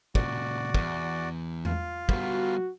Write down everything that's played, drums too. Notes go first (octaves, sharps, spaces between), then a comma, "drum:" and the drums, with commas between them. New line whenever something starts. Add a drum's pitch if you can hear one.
A#2 C#3 F#4 D5, drum: kick
E2, drum: kick
F4, drum: tom E2
G3 B3 F#4, drum: kick